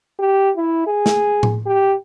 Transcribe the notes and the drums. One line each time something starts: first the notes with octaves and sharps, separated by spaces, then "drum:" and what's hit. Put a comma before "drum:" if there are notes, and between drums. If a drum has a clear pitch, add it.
G4
E4
G#4
drum: snare
drum: tom A2
G4